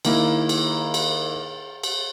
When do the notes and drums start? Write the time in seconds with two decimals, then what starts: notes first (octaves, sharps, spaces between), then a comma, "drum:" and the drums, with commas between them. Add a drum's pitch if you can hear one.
0.05 D#3 A#3 E4, drum: cymbal
0.49 drum: cymbal
0.94 drum: cymbal
1.83 drum: cymbal